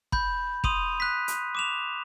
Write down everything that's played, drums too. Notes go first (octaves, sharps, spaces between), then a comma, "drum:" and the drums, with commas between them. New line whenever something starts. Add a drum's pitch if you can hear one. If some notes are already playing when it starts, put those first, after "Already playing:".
B5 G6, drum: kick
C6 D#6 D#7 F7, drum: kick
F#6 B6
drum: hi-hat
D6 E7 F7